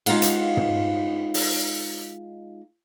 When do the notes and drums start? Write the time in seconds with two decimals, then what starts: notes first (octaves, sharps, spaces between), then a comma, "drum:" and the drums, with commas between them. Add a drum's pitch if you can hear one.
0.06 G#3 D#4 F4 F5 F#5, drum: cymbal
0.22 drum: hi-hat
0.57 drum: tom
1.34 drum: open hi-hat